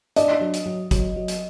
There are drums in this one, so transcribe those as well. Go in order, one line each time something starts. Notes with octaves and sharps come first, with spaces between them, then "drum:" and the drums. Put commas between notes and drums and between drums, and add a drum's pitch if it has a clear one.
D4 D#5, drum: hi-hat
F#3
drum: hi-hat
F#3
F#3, drum: kick, hi-hat
F#3
drum: hi-hat